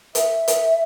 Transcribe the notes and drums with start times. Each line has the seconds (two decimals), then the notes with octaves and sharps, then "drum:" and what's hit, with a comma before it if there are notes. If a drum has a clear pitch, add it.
0.15 E5, drum: hi-hat
0.48 drum: hi-hat